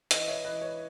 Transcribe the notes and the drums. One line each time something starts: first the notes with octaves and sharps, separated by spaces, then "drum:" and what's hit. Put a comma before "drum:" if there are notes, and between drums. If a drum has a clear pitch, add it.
E3 B4 D#5, drum: hi-hat
C#5 E5
E3 B4 D#5
C#5